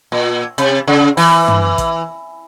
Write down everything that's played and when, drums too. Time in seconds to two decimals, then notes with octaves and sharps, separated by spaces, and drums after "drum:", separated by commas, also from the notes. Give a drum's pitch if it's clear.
0.12 A#2
0.58 C3, drum: hi-hat
0.87 C#3
1.17 E3, drum: open hi-hat
1.48 drum: tom
1.78 drum: kick, hi-hat